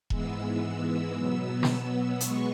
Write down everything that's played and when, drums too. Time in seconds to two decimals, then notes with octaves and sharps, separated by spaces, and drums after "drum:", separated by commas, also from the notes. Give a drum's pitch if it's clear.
0.10 G#2 E3 G#3 B3 E6, drum: kick E1
1.15 B2 F#3 B3 E6
1.63 drum: snare
2.20 B2 G#3 B3 C#6, drum: hi-hat